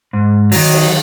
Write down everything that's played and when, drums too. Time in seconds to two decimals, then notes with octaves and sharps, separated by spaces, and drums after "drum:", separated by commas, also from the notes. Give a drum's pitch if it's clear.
0.13 G#2
0.52 D#3 F#3, drum: open hi-hat
0.73 drum: cymbal